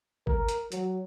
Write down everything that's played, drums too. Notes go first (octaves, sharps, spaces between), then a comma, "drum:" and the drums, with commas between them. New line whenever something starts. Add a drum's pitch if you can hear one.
A#4, drum: kick
drum: hi-hat
F#3, drum: hi-hat